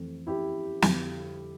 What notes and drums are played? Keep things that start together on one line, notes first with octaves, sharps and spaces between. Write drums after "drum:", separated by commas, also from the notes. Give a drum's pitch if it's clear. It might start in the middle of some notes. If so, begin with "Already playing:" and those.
Already playing: F2 E3 A3 C4
E4 G4
F2 D3 G3, drum: snare